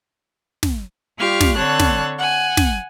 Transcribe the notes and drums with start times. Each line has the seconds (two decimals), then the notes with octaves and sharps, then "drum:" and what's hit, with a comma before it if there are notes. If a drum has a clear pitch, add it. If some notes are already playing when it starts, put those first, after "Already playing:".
0.63 drum: snare
1.19 G3 F4 G4 C#6 F6
1.41 drum: snare
1.56 D3 C4 C#5 A5 F#6
1.79 drum: snare
2.18 F#5 G#5
2.57 drum: snare